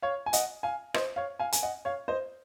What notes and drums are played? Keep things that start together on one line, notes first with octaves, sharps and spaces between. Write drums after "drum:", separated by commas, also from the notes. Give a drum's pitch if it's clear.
C#5 F5
G#5
D#5 F#5, drum: hi-hat
F5 G#5
C5 D#5, drum: rim click
C#5 F5
F5 G#5
G#5, drum: hi-hat
D#5 F#5
C#5 F5
C5 D#5